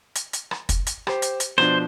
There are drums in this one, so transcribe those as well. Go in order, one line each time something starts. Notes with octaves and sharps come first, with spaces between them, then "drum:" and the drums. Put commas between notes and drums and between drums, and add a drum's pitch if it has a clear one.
drum: hi-hat
drum: hi-hat
drum: rim click
drum: kick, hi-hat
drum: hi-hat
G4 C5, drum: rim click
drum: hi-hat
drum: hi-hat
B2 F3 D4 C5, drum: rim click